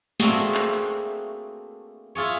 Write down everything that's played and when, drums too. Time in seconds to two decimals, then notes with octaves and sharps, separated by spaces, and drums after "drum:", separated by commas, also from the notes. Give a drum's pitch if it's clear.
0.20 A3 A#3 C4 D4 F#4 G#4, drum: snare
0.54 drum: clap
2.15 E4 F4 G#4 C#5